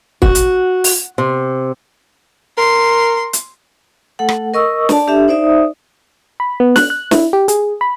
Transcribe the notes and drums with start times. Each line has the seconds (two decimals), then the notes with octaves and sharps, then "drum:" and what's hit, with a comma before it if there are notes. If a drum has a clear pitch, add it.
0.22 F#4, drum: kick
0.35 drum: hi-hat
0.84 drum: open hi-hat
1.18 C3
2.58 A#4 C6
3.33 drum: hi-hat
4.19 A3 A4 F#5
4.29 drum: rim click
4.54 A#4 D#5 C#6 D#6 E6
4.89 D4 D5 A5, drum: snare
5.07 D4 G4 A4 E5
5.28 D#4 C5 D5 E5 D#6
6.40 B5
6.60 B3
6.76 F#6, drum: snare
6.90 F#6
7.11 E4, drum: snare
7.33 G4
7.48 G#4, drum: hi-hat
7.81 B5